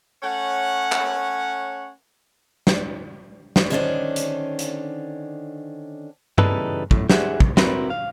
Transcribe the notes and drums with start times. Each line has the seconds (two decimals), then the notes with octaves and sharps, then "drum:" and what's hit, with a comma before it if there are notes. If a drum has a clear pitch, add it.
0.23 A3 C#4 C#5 F#5
0.92 drum: clap
2.67 drum: snare
3.56 drum: snare
3.70 D3 D#3 C#4 D4 C5 D5
4.16 drum: hi-hat
4.59 drum: hi-hat
6.38 C#3 E3 G3 D#4 A4 B4, drum: tom G2
6.91 F#2 A2, drum: kick
7.10 G4 G#4 E5 F#5, drum: snare
7.40 C2, drum: kick
7.57 C4 E4 F#4 A#4 B4, drum: snare
7.90 F5